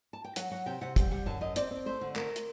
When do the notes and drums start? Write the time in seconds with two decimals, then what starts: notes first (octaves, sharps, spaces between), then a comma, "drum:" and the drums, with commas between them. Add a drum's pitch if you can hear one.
0.13 A5
0.24 G5
0.36 F#3 F#5, drum: hi-hat
0.51 F#3 F#5
0.66 C3 G5
0.81 C3 F#5
0.96 G3 G5, drum: kick, hi-hat
1.11 G3 F#5
1.26 F#2 A5
1.41 F#2 D#5
1.56 C4 D5, drum: hi-hat
1.71 C4
1.86 A3 C5
2.01 D3
2.16 A3 A#4, drum: clap
2.36 drum: hi-hat